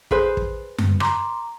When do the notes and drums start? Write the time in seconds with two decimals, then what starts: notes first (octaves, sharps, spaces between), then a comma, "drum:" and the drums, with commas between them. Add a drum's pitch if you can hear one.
0.11 G#4 B4 C5, drum: kick
0.37 drum: kick
0.78 drum: tom F#2
1.00 A#5 C6 D6, drum: rim click